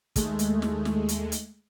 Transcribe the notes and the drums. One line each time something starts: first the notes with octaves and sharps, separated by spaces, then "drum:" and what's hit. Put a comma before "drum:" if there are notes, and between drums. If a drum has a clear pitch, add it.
D#2 G#3 A3, drum: kick, hi-hat
drum: hi-hat
drum: snare
drum: snare
drum: hi-hat
drum: hi-hat